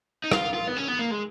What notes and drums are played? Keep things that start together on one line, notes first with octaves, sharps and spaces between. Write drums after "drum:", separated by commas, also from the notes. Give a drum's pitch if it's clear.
D#4
F4, drum: rim click
F4
B3
C#4
B3
A#3
G#3